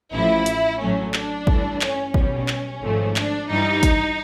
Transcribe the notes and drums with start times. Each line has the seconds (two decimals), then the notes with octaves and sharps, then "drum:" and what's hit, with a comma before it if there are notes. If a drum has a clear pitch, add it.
0.12 A1 A2 F3 E4
0.46 drum: hi-hat
0.79 A1 A2 F#3 A3 C#4
1.14 D4, drum: clap
1.47 G2 E3 A3, drum: kick G#1
1.81 C#4, drum: clap
2.14 B1 B2 G3 C#4, drum: kick G#1
2.48 drum: clap
2.82 G#1 G#2 F3 A3
3.16 D4, drum: clap
3.49 G2 E3 G3 D#4
3.83 drum: kick G#1, hi-hat